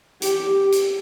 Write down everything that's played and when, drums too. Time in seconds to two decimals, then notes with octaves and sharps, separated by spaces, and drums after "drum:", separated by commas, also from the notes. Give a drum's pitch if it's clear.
0.22 G4, drum: hi-hat
0.72 drum: hi-hat